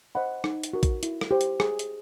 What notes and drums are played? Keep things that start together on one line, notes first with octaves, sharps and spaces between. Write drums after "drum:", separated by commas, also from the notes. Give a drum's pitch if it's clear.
C5 D#5 F#5 B5
D#4, drum: rim click
drum: hi-hat
F#4 A#4
drum: kick A#1, hi-hat
E4, drum: hi-hat
drum: rim click
G4 C5
drum: hi-hat
G#4, drum: rim click
drum: hi-hat